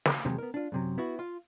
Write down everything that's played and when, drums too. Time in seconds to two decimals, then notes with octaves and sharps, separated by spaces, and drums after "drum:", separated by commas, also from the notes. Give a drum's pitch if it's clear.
0.05 drum: snare
0.25 E2 C3 D#3 F#3 G#3
0.38 B3 A#4
0.54 D4 F4
0.72 F#2 C3 F#3
0.98 B3 E4 F#4
1.19 F4